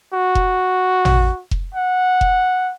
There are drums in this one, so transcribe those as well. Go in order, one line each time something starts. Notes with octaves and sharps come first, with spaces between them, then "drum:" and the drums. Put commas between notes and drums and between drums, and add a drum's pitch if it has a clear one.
F#4
drum: kick F1
drum: tom
drum: kick F1
F#5
drum: kick F1